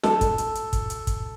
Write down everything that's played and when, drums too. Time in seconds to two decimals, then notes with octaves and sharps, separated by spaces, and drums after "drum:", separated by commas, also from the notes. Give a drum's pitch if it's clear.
0.03 A4, drum: snare
0.21 drum: kick, hi-hat
0.38 drum: hi-hat
0.55 drum: hi-hat
0.73 drum: kick, hi-hat
0.90 drum: hi-hat
1.07 drum: kick, hi-hat